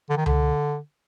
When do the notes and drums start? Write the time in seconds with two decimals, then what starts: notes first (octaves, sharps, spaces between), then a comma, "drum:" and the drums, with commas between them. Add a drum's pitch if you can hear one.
0.10 D3
0.17 D#3
0.26 D3, drum: tom C#2